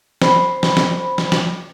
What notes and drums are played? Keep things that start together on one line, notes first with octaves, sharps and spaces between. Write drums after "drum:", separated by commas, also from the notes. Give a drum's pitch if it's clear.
C5 B5, drum: snare
drum: snare
drum: snare
drum: snare
drum: snare